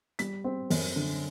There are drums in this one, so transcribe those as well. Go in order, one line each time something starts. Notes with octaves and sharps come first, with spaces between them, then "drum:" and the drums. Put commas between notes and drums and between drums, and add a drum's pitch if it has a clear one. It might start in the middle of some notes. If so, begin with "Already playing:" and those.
G3 B6, drum: hi-hat
C4
F#2, drum: open hi-hat
D3